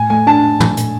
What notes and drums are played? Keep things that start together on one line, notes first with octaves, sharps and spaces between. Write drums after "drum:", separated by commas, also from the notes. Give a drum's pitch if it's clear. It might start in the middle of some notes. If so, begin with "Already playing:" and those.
Already playing: A2 G#5
A3 G#5
D4 A5
drum: tom
drum: hi-hat